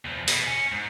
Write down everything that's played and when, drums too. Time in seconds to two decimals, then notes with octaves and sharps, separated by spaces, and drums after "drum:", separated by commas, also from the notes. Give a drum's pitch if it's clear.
0.05 E2 F3
0.28 B2, drum: open hi-hat
0.46 C#4
0.72 G#2